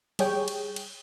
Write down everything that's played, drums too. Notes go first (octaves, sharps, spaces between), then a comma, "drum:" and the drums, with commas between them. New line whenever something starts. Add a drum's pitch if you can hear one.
G3 G#4 C#5 G5, drum: cymbal
drum: cymbal
drum: cymbal